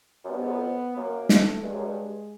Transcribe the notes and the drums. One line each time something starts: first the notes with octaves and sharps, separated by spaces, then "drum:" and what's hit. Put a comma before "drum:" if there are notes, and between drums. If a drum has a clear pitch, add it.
F#2
G2 B3
G#2
F#2
F2
F#2 A#3
A3, drum: snare
G2 G#3
F#2
G2